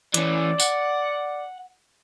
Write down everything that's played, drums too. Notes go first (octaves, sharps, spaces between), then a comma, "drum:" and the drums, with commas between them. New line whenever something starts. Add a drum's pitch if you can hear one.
E3 C#4 D5, drum: hi-hat
F#5, drum: tambourine